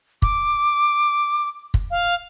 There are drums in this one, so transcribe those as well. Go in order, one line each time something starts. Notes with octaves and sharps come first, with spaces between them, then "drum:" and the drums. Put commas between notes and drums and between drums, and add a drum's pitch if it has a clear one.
D6, drum: kick
drum: kick
F5